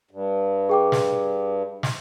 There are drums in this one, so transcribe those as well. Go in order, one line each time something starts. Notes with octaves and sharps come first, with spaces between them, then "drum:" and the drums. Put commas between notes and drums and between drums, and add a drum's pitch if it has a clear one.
G2
G#4 G5 D6
drum: snare
drum: snare